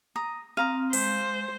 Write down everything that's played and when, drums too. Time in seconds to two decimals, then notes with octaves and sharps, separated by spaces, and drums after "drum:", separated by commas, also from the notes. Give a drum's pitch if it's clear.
0.16 A#5 D#6
0.57 C4 F5 A#5 D#6
0.93 G#3 C5, drum: open hi-hat